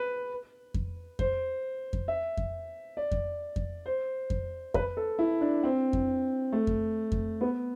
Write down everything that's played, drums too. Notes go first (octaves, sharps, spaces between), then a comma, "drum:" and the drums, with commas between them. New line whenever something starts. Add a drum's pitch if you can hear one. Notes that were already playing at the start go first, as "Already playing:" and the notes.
Already playing: B4
drum: kick F2
C5, drum: kick F2
drum: kick F2
E5
drum: kick F2
D5
drum: kick F2
drum: kick F2
C5
drum: kick F2
B4, drum: kick F2
A4
E4
D4
C4
drum: kick F2
A3
drum: kick F2
drum: kick F2
B3